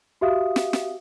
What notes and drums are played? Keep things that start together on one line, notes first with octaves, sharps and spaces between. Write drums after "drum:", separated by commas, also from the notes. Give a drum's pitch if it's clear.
F#4 G4 E5 F5 D#6
drum: snare
drum: snare